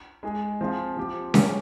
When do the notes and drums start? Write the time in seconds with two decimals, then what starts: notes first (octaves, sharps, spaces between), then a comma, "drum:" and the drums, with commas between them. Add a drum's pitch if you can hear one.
0.23 G#3 D#4 G#4
0.61 F3 C4 F4 G#4
0.97 F3 C4 G4
1.34 G3 C#4 G#4, drum: snare C#4